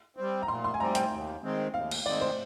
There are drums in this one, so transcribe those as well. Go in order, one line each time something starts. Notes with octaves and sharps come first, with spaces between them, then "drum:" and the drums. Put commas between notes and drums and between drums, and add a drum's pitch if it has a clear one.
G3 C4
A#5
A#2 C6
C6
G#5
G3 C4 A#5
G5, drum: hi-hat
D#2
D#3 G#3 C4
D#2 F5
drum: cymbal
D#3 G#3 C4 D5
C5